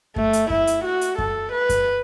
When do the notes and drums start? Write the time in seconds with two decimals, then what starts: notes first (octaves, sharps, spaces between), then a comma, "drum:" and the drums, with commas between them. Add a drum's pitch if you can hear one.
0.16 A3, drum: kick F#2
0.33 drum: hi-hat
0.50 E4, drum: kick F#2
0.67 drum: hi-hat
0.85 F#4
1.01 drum: hi-hat
1.18 A4, drum: kick F#2
1.53 B4
1.69 drum: kick F#2, hi-hat